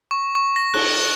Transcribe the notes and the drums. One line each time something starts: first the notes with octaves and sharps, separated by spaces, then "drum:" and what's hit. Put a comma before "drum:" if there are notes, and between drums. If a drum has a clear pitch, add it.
C#6
C#6
A#6
F#6, drum: cymbal